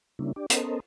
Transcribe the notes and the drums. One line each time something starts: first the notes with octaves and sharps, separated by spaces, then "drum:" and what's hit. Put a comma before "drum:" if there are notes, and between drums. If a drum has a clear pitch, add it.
C#3 G3 A#3 C#4 D4 E4
D4 G4 D5
B3 C#4 A4 A#4 C5 D#5, drum: hi-hat